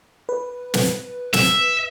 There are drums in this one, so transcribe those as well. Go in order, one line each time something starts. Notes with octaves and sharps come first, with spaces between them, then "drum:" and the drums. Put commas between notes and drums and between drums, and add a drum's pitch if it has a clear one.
B4
drum: snare
E5, drum: snare